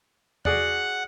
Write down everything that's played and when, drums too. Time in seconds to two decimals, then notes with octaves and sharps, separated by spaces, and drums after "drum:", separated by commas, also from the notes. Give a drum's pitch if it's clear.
0.45 F#4 G#4 D5 F#5, drum: tom E2